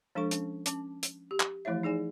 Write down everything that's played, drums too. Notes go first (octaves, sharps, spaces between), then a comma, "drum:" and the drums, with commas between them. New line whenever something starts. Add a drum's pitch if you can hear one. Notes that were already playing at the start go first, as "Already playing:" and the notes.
F3 G#3 D4 A4 F5 C#6
C#4, drum: hi-hat
C#4 A5 D6, drum: hi-hat
drum: hi-hat
G4
drum: clap
E3 F3 A3 E4 C#5 E5
D#4 G#4 D5 G#5